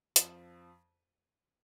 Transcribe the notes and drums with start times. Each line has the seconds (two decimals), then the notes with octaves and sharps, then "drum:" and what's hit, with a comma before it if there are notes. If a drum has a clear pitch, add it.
0.16 F2 F3, drum: hi-hat